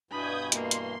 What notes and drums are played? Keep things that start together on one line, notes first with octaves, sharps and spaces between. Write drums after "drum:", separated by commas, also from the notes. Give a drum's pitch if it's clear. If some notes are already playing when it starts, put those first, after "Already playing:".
G2 B2 E3 D4 B5 D#6 G6 G#6
A#3 C6, drum: hi-hat
drum: hi-hat